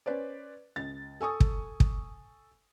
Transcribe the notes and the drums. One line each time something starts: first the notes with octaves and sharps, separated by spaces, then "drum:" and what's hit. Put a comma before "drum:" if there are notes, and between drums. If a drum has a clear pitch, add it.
C#4 B4 C5 D5
C#2 A6
A4 G#5 C#6 D#6
drum: kick
drum: kick